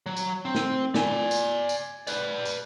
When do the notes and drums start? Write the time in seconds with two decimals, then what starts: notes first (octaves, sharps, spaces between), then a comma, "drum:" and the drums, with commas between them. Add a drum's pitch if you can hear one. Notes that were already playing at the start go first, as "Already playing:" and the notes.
0.06 F#3
0.17 drum: tambourine
0.45 C4
0.55 drum: snare
0.94 D5 G#5, drum: snare
1.31 drum: tambourine
1.69 drum: tambourine
2.07 B4 D5, drum: tambourine
2.45 drum: tambourine